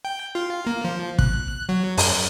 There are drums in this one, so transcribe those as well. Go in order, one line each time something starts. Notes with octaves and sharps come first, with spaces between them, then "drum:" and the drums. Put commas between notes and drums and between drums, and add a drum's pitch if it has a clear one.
G5
F4
A#3
F3
F#6, drum: kick
F#3
F#2, drum: open hi-hat